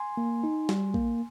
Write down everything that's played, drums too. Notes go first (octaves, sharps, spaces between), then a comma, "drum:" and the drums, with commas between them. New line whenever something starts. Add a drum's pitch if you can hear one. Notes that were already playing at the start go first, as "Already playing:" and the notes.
Already playing: G#5 C6
A#3
D#4
G3, drum: snare
A#3, drum: kick